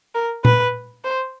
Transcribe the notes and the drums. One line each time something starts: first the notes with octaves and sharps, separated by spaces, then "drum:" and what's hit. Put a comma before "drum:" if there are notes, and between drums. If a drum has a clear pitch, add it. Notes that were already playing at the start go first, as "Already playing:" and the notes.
A#4
B4, drum: tom A#2
C5